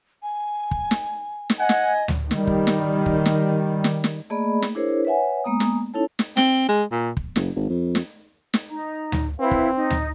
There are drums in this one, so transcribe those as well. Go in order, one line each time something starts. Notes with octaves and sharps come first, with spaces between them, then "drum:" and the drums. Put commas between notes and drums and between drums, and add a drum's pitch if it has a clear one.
G#5
drum: kick
drum: snare
drum: snare
D#5 F#5 G#5
drum: snare
drum: tom D2
D#3 G3, drum: snare
drum: kick
drum: snare
drum: kick
drum: snare
drum: snare
drum: snare
A3 A#3 G#4 D5 D#5 B5
drum: snare
D4 E4 G#4 A#4 C5 C#5
B4 C#5 E5 F#5 G#5
G#3 A#3 B3 A#5 D#6
drum: snare
C#4 D#4 E4 A4 C#5 A5
drum: snare
C4, drum: snare
G#3
A#2
drum: kick
F#1, drum: snare
G#1
F2
drum: snare
drum: snare
D#4 A#5
drum: tom D2
C4 E4 B4 F5
drum: kick
D#4
drum: tom D2